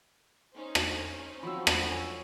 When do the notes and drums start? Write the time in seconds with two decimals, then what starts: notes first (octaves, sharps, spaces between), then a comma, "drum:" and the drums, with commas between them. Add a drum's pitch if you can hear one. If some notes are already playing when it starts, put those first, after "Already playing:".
0.54 C#4 D#4 C5
0.75 drum: rim click
1.43 F3 F#3 C4 B5 E6
1.67 drum: rim click
1.90 C#4